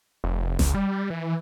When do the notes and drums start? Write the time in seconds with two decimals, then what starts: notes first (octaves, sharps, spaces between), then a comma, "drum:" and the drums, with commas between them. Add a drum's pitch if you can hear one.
0.24 F1
0.59 C#2, drum: snare F1
0.75 G3
0.92 G3
1.10 E3